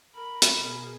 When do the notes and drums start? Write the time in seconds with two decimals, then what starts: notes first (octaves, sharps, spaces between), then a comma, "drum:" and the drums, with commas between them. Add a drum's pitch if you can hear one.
0.14 A#4 B5
0.42 drum: hi-hat
0.53 B2 G#4